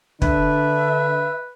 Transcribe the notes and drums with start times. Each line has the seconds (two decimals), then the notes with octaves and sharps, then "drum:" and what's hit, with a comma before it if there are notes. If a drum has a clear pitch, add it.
0.22 D3 D4 B4 E5, drum: kick